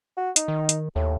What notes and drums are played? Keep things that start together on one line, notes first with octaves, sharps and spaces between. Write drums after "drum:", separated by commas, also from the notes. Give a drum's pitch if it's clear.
F#4
D#4, drum: hi-hat
D#3
drum: hi-hat
D#2 A2